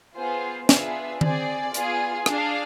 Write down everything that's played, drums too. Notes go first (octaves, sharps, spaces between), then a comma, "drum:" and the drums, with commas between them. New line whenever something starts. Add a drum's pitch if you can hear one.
B3 F4 G#4 C5
B3 D4 F4 G#4 E5, drum: snare
C4 G#4 D5, drum: tom D#3
B3 F4 G#4, drum: hi-hat
D4 G#4 F5, drum: rim click